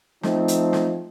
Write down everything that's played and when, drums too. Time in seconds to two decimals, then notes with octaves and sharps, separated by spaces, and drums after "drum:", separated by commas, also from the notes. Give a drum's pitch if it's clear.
0.23 F3 A3 C4 D#4, drum: snare
0.48 drum: hi-hat
0.73 drum: snare